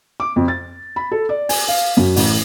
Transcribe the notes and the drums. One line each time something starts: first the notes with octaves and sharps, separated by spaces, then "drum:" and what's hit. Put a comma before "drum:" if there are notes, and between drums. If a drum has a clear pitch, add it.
D6
F2
A6
B5
A4
D5
G#5, drum: open hi-hat
F5
F#2
A1, drum: open hi-hat